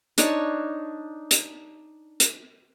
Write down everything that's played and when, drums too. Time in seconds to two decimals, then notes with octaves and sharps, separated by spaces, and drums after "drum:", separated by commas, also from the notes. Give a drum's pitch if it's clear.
0.18 D4 D#4 C#5 A5, drum: hi-hat
1.31 drum: hi-hat
2.20 drum: hi-hat